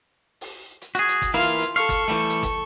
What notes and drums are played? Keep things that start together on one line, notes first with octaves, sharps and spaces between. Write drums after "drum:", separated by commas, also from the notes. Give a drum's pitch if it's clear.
drum: open hi-hat
drum: hi-hat
F#4 G#4, drum: hi-hat
drum: hi-hat
drum: kick, hi-hat
E3 A#3 E4 F4 F5, drum: hi-hat
drum: hi-hat
A4 F5 C#6, drum: hi-hat
drum: kick, hi-hat
E3 G3 A3
drum: hi-hat
drum: kick, hi-hat